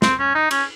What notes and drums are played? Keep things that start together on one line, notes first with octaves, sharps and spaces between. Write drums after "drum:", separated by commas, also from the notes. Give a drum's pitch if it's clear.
C4, drum: snare
C#4
D#4
C#4, drum: cymbal